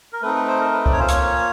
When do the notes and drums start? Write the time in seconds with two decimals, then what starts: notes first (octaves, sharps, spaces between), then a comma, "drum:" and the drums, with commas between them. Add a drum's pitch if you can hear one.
0.13 A#4
0.22 A3 C4 D#4 B4
0.35 B4
0.48 C5
0.61 A#4
0.73 B4
0.86 D5, drum: kick C2
0.92 C#5
0.98 A#3 C#4 F4 C5
1.08 C#5, drum: hi-hat